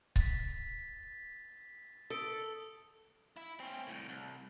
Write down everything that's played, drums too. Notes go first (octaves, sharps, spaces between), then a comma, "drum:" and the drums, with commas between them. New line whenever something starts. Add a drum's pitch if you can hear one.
A6 B6, drum: kick C#1
A4 D#6 E6 D7
E4
C4 C#4
C2 A2
C2